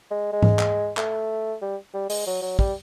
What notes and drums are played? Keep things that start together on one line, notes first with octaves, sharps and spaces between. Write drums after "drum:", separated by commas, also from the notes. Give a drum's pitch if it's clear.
G#3
G#3
drum: tom G#2
drum: clap
A3, drum: clap
G3
G3
G#3, drum: open hi-hat
F#3
F#3
G3, drum: kick